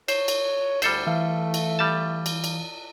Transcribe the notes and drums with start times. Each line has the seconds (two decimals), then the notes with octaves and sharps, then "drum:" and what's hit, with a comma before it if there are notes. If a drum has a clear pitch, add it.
0.08 C5 C#5, drum: cymbal
0.28 drum: cymbal
0.82 D2 G3 A4 C5, drum: cymbal
1.07 E3 A3 F5
1.54 drum: cymbal
1.79 G3 A5
2.26 drum: cymbal
2.44 drum: cymbal